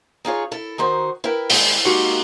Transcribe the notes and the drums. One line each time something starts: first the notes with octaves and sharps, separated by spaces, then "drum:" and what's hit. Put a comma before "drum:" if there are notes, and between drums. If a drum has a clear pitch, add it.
D#4 F4 G#4 C#5
E4 A4
D#3 D#4 F#4 C5
E4 A#4 B4 G5
D#2 G#3 E4 G5, drum: open hi-hat
G#3 A#3 D#4 F#4 G4 F#5